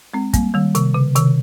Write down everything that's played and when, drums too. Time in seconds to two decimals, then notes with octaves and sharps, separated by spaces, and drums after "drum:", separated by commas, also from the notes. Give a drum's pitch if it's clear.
0.14 G#3 C4
0.34 G3 A#3, drum: kick, hi-hat
0.54 D#3 G3
0.75 C3 D#3, drum: hi-hat
0.94 C#3
1.16 C3 D#3, drum: hi-hat